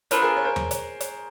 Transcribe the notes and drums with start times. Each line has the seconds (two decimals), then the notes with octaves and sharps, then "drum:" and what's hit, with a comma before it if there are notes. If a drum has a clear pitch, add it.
0.11 B3 D4 F4 A4 A#4 C5, drum: hi-hat
0.22 G#4 A#4
0.36 C#5
0.45 A#4 C5
0.56 drum: tom E2
0.71 drum: hi-hat
1.00 drum: hi-hat